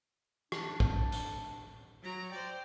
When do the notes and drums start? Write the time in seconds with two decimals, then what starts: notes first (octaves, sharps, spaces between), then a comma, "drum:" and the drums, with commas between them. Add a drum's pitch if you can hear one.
0.52 D4, drum: rim click
0.80 drum: kick
1.12 drum: hi-hat
2.03 F#3 A#5
2.31 C5 D5 G5